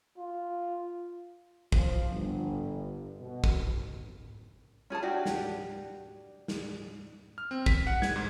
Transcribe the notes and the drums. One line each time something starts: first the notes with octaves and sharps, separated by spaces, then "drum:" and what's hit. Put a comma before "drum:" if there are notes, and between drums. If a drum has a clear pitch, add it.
F4
F3, drum: kick
G1
B2
drum: kick
C#4 G#4 A4 A5
D4 F#4 G4 D5
drum: snare
drum: snare
F6
C4
B6, drum: kick
F#5
G#6, drum: snare
G#2